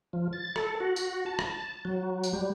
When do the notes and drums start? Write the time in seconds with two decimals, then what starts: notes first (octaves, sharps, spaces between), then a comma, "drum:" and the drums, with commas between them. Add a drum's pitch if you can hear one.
0.13 F3
0.33 A6
0.56 A4, drum: rim click
0.80 F#4
0.96 drum: tambourine
1.26 A5
1.39 drum: rim click
1.85 F#3
2.24 drum: tambourine
2.33 G3